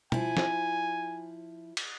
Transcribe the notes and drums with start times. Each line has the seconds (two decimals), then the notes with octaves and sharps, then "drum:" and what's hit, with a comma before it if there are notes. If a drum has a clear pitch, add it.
0.12 F3 E4 G#5, drum: tom
0.37 drum: snare
1.77 drum: cymbal